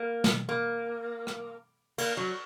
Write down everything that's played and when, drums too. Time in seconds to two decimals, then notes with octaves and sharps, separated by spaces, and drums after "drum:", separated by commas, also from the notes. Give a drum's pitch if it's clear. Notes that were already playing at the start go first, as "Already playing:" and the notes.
Already playing: A#3
0.24 drum: snare
0.49 A#3
1.27 drum: rim click
1.98 A#3, drum: cymbal
2.17 F#3